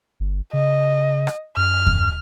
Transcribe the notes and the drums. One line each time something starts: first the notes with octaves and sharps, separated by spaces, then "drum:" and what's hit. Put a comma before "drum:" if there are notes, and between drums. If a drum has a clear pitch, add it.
G1
C#3 D#5
drum: rim click
F#2 F6
drum: kick D#2